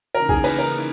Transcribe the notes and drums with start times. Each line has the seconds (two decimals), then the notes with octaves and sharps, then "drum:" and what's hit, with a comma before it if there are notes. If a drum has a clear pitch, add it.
0.14 C#3 E3 A#3 D#4 A#4
0.29 G#4, drum: kick B1
0.44 B4, drum: cymbal
0.59 A#4